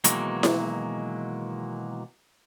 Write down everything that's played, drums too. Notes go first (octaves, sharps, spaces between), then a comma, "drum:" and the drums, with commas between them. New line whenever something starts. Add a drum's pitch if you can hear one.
B2 D#3 E3 F#3 G#3 A#3, drum: hi-hat
drum: snare E4